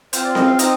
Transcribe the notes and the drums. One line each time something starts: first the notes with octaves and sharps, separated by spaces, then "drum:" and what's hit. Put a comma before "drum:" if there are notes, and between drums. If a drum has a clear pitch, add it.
C4 F4 C5, drum: hi-hat
D5
D#5, drum: snare C4
F5
C4 D#4 D#5, drum: hi-hat